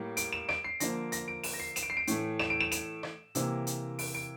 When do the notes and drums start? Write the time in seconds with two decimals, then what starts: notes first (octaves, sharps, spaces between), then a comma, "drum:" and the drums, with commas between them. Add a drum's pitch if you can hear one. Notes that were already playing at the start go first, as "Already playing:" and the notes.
Already playing: A2 G3 A#3
0.17 D7, drum: hi-hat
0.33 E7
0.49 D7, drum: rim click
0.64 C7
0.80 D3 F3 A#3 A#6, drum: hi-hat
1.12 A#6, drum: hi-hat
1.28 D7
1.44 E7, drum: open hi-hat
1.53 A#6
1.60 C7
1.76 E7, drum: hi-hat
1.83 D7
1.90 C7
1.97 D7
2.07 A2 E3 A3, drum: hi-hat
2.39 E7, drum: rim click
2.50 D7
2.61 E7
2.72 E7, drum: hi-hat
3.03 drum: rim click
3.35 C3 E3 A#3, drum: hi-hat
3.67 drum: hi-hat
3.99 D7, drum: open hi-hat
4.15 D7